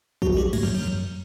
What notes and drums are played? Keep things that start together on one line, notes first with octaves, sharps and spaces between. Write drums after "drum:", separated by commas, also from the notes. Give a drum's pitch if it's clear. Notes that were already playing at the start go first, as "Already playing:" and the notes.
F#3 F#4, drum: kick
F#4
G3 G4
A2 A3, drum: cymbal
F#2 F#3
F#2 F#3